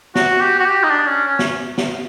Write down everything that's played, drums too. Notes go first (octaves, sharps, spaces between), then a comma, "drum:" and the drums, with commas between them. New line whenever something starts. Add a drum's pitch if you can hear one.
F#4, drum: snare
G4
F#4
G4
D#4
D4
C#4
C#4
drum: snare
drum: snare